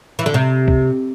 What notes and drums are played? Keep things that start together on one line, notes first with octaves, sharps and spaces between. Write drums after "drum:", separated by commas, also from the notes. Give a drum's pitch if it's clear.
E3
D3, drum: snare
C3
drum: kick